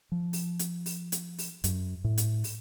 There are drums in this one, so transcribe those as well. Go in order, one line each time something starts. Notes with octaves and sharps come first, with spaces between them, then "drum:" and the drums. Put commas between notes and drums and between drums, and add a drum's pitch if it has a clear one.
F3
drum: open hi-hat
drum: hi-hat
drum: open hi-hat
drum: hi-hat
drum: open hi-hat
F#2, drum: hi-hat
A2
drum: hi-hat
drum: open hi-hat